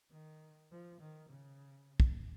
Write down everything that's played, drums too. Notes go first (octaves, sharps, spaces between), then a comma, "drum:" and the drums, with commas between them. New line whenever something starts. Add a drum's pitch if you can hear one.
D#3
F3
D#3
C#3
drum: kick